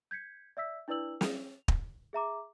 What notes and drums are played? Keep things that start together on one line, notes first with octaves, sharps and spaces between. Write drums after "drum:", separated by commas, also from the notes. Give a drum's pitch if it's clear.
G6 G#6 B6 C#7
D5 E5 E6 B6
D4 E4 B4 D5 E6 F#7
F7, drum: snare
drum: kick
G#4 E5 A#5 D6